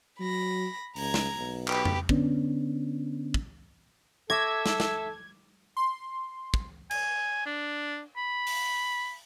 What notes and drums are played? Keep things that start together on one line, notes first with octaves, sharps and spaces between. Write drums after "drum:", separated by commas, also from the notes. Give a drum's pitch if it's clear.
F#3 B5 A#6
C#2 A#5 G#6, drum: open hi-hat
drum: snare
B1
G4 B4, drum: clap
drum: tom F2
D3 B3 C#4 D4, drum: kick
drum: kick
A4 E5 C#6 D6 G#6 A#6
drum: snare
drum: snare
C6
drum: kick
G#5, drum: cymbal
D4
B5
drum: open hi-hat